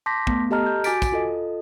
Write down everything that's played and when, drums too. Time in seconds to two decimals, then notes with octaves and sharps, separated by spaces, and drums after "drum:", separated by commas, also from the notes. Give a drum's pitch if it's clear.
0.06 A5 C6 D6 G6 A#6 B6
0.27 A3 B3, drum: kick
0.51 G4 A4 D#5 A5 A#5 F6
0.66 G6
0.84 F#4 G#5 D6 A6 B6 D7, drum: tambourine
1.02 drum: kick, tambourine
1.12 F4 A4 D#5